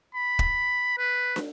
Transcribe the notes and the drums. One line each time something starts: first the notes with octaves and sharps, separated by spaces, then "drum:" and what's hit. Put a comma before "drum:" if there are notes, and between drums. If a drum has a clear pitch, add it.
B5
drum: kick
B4
drum: snare